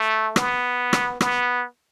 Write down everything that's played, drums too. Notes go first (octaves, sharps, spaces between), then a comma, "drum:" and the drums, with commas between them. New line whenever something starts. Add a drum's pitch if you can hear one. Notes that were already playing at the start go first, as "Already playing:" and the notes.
Already playing: A3
B3, drum: rim click
drum: rim click
B3, drum: rim click